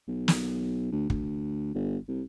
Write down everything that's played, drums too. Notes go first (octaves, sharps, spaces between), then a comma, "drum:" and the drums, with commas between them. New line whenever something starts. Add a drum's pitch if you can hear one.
B1
drum: snare
D2
D2, drum: kick
G1
C2